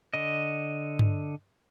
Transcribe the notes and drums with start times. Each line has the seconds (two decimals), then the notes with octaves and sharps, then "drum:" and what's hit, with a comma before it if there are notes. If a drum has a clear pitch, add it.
0.14 D3 D#5
0.99 drum: tom G2